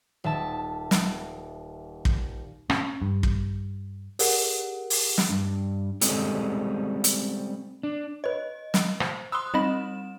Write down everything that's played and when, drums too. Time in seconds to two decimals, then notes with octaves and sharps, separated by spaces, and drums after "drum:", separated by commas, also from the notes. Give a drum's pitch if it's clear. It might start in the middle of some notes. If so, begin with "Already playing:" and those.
0.24 D#1 E5 A5
0.91 drum: snare
2.05 drum: kick
2.70 C#4, drum: rim click
3.02 G2
3.23 drum: kick
4.19 G4 G#4 A#4 F#5, drum: open hi-hat
4.90 drum: open hi-hat
5.18 drum: snare
5.30 G2
6.01 G3 G#3 C4 C#4 A4 D#5, drum: hi-hat
7.04 drum: hi-hat
7.83 D4
8.24 B4 C#5 D#5
8.74 drum: snare
9.00 C5, drum: rim click
9.32 B5 C6 D#6 E6 F#6
9.54 G3 C4 D#4 D#5 B5 E7